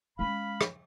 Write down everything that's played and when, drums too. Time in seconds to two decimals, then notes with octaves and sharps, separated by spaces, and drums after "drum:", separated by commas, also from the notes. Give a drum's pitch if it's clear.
0.19 G#3 C#4 F5 B5
0.61 drum: rim click